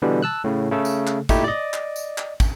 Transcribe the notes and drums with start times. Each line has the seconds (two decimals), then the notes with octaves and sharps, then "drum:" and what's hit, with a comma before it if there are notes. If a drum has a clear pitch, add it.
0.02 B2 D3 E3 G3
0.22 A5 E6 F#6
0.44 A2 C#3
0.71 C#3 A3 A4
0.85 drum: tambourine
1.07 drum: clap
1.29 A#2 A3 D#4 E4 G4, drum: kick, tambourine
1.44 D5 D#5
1.74 drum: clap
1.96 drum: tambourine
2.18 drum: clap
2.40 drum: kick, tambourine